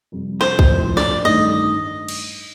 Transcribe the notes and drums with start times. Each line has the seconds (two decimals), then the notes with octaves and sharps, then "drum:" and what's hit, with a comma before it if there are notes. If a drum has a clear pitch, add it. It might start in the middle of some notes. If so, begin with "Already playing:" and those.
0.12 F2 C3 G3
0.41 C5, drum: snare
0.59 drum: kick
0.69 A#1 A2 F3
0.97 D5, drum: snare
1.25 A1 G2 D#3 A3 D4 D#5
2.09 drum: cymbal